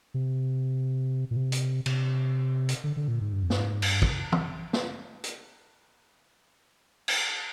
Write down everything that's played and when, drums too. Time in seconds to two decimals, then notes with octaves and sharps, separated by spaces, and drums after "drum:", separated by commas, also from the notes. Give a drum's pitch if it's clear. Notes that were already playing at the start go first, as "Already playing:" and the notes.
0.14 C3
1.31 A#2
1.36 C3
1.52 drum: hi-hat
1.86 C3, drum: cymbal
2.69 drum: hi-hat
2.84 D3
2.96 D3
3.08 A#2
3.21 G#2
3.33 G2
3.43 F2
3.50 G2, drum: snare
3.58 G#2
3.82 G2, drum: cymbal
4.02 drum: kick
4.32 drum: tom E3
4.73 drum: snare
5.24 drum: hi-hat
7.08 drum: cymbal